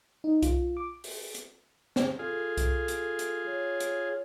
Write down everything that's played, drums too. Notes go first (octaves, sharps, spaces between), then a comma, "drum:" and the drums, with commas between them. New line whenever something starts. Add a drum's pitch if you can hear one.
D#4
F4, drum: kick C2, hi-hat
D6
drum: open hi-hat
drum: hi-hat
drum: snare
F4 G#4 A4
drum: kick C2, hi-hat
drum: hi-hat
drum: hi-hat
C#5
drum: hi-hat